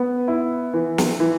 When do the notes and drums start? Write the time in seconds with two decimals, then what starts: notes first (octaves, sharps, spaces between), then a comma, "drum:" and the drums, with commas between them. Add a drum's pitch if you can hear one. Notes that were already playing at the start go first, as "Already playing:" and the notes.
Already playing: B3
0.28 E4
0.73 E3
0.98 drum: snare
1.20 E3